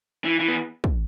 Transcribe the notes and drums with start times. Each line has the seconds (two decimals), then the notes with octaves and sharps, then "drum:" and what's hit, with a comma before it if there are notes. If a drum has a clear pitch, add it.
0.25 E3
0.40 E3
0.48 B3
0.84 drum: kick